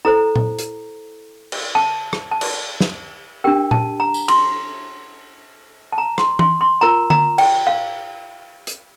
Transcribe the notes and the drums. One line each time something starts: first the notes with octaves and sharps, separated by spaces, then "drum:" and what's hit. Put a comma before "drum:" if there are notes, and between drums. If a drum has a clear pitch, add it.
E4 A4 C5 A#5
drum: tom A#2
drum: hi-hat
drum: cymbal
A5
drum: rim click
A5
drum: cymbal
drum: snare
D4 G4 A#4 G5
A5, drum: tom A#2
A#5
drum: tambourine
C6, drum: cymbal
A5
A#5
C6, drum: rim click
C6, drum: tom E3
C6
F4 A#4 A#5
A#5, drum: tom D3
G5, drum: cymbal
F5
drum: hi-hat